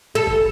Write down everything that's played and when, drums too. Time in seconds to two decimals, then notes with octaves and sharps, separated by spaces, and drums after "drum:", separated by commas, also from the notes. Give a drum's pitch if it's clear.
0.15 A4
0.27 drum: kick G1